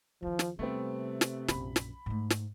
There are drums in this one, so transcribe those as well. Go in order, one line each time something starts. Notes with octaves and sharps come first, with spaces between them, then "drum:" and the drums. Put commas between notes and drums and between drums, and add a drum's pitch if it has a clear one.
E2 D#3 F3
drum: snare
C3 G3 A3 B3 C4
drum: snare
A#1 F#2 B5, drum: snare
drum: snare
G#2 A3
drum: snare